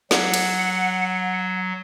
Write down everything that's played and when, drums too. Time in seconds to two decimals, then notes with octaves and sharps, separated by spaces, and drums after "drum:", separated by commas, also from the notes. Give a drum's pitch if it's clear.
0.11 F#3 F#5, drum: snare
0.34 drum: cymbal